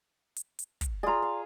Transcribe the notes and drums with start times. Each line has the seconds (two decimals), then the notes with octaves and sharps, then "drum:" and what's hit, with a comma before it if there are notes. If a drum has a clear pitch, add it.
0.36 drum: hi-hat
0.59 drum: hi-hat
0.81 drum: kick, hi-hat
1.03 F4 G#4 D5 A#5
1.22 F5